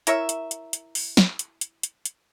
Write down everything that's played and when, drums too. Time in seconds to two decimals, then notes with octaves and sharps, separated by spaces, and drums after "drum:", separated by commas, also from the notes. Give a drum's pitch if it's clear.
0.07 E4 A#4 C#5 E5, drum: hi-hat
0.29 drum: hi-hat
0.51 drum: hi-hat
0.73 drum: hi-hat
0.95 drum: open hi-hat
1.17 drum: snare
1.39 drum: hi-hat
1.61 drum: hi-hat
1.83 drum: hi-hat
2.05 drum: hi-hat